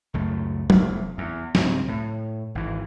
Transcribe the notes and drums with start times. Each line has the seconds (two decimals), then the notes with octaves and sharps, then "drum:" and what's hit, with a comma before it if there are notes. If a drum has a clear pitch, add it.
0.14 C#2 F#2 A3
0.70 F1 E2, drum: tom F#3
1.18 E2
1.55 C#2 G#2 G3 C4, drum: snare
1.88 A2
2.55 G#1 E3